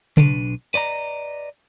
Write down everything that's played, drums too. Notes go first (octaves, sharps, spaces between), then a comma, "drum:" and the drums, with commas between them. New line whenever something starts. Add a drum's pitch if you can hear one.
B1 D4 B4, drum: tom C#3
B4 D5 D#5 A#5